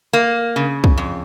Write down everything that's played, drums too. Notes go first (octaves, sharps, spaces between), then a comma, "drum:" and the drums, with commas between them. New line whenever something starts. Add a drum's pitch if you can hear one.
A#3
C#3
drum: kick
F2